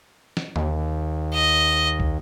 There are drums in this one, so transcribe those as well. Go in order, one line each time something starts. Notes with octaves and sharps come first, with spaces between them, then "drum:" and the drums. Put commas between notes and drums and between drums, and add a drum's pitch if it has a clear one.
drum: snare
D#2, drum: tom D3
D#5
drum: kick